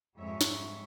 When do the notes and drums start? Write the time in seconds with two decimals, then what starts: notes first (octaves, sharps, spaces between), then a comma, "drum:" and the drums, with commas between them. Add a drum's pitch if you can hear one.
0.16 F2 G#2 G3 G#3 C#5 E5
0.41 drum: snare